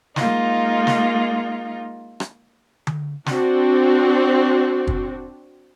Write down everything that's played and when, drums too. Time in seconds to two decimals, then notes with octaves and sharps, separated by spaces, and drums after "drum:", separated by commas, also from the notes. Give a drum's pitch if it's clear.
0.16 G#3 A#3 D#4 F4, drum: snare
0.87 drum: snare
2.20 drum: rim click
2.87 drum: tom D3
3.26 C4 D4 F#4, drum: snare
4.87 drum: kick